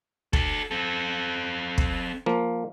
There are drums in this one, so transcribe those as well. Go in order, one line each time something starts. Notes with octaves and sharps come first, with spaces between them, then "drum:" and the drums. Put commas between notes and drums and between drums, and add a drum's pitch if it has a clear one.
F#4 A4, drum: kick
C4 A4
drum: kick
F3 A#3